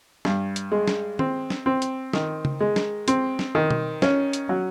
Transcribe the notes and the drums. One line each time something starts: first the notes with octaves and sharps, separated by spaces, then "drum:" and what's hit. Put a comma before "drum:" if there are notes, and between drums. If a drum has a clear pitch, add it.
G2, drum: snare
drum: hi-hat
G#3
drum: snare
C4, drum: tom
drum: snare
C4
drum: hi-hat
D#3, drum: snare
drum: tom C#3
G#3
drum: snare
C4, drum: hi-hat
drum: snare
D#3
drum: tom B2
C#4, drum: snare
drum: hi-hat
F#3